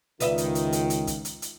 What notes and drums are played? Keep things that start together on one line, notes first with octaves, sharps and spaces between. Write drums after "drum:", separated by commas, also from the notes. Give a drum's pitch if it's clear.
C#2 D#3 F4 B4 D#5 E5, drum: hi-hat
drum: hi-hat
drum: hi-hat
drum: hi-hat
drum: hi-hat
drum: kick, hi-hat
drum: hi-hat
drum: hi-hat